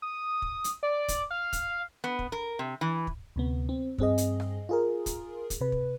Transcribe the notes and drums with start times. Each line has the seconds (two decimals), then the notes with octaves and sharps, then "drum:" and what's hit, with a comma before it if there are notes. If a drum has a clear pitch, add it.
0.02 D#6
0.42 drum: kick
0.64 drum: hi-hat
0.83 D5
1.08 drum: kick, hi-hat
1.31 F5
1.53 drum: kick, hi-hat
2.04 B3
2.19 drum: kick
2.32 A#4
2.59 C3
2.81 E3
3.07 drum: kick
3.36 D2 C3 B3
3.69 C4
3.98 G2 C4 G#4 D#5, drum: kick
4.18 drum: hi-hat
4.40 drum: rim click
4.69 F4 G#4 A#4
5.06 drum: kick, hi-hat
5.50 drum: kick, hi-hat
5.61 C3 B4
5.72 drum: kick